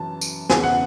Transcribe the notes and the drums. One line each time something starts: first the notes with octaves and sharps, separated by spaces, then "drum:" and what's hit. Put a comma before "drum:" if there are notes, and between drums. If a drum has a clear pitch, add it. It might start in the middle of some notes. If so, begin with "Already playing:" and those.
Already playing: F#2 E3 A5
drum: tambourine
E2 C#3 E3 G#5, drum: snare
F#5